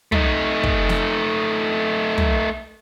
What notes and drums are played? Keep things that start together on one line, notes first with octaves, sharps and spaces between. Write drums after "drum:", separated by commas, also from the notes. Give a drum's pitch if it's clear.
A3 D#4, drum: tom
drum: kick
drum: snare
drum: tom